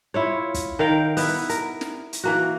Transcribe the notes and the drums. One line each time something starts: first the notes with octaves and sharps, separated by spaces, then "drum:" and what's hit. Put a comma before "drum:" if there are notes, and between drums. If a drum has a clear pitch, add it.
E4 F4 C#5
drum: kick, hi-hat
D#3 A#4 F5 G5
B3 E4, drum: open hi-hat
A#4, drum: hi-hat
drum: snare
drum: hi-hat
E3 A#3 F#4